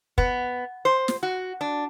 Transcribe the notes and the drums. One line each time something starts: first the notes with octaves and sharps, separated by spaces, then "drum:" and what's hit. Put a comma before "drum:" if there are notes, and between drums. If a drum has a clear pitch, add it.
B3, drum: kick
C5
drum: snare
F#4
D4